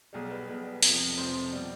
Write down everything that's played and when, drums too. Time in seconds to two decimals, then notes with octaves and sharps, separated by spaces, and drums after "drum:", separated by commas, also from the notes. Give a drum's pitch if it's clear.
0.13 B1 B2 G3 G#4
0.31 B4
0.47 B1 B2 G3
0.83 F1 F2 C3 F3, drum: open hi-hat
1.17 F1 F2 C3 F3 C5
1.52 B2 G3